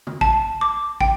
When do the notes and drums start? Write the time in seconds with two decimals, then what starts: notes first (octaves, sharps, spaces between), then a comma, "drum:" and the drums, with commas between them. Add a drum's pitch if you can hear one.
0.07 drum: tom
0.21 A5, drum: kick
0.61 D6
1.01 G5, drum: kick